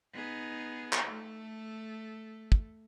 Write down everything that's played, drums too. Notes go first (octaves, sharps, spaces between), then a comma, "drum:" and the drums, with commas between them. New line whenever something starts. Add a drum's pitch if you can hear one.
B3 D#4 G#4
drum: clap
A3 A4
drum: kick